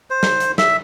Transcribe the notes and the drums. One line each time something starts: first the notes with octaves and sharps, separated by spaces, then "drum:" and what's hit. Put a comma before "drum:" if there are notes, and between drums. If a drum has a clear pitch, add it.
C5
drum: snare
drum: hi-hat
E5, drum: snare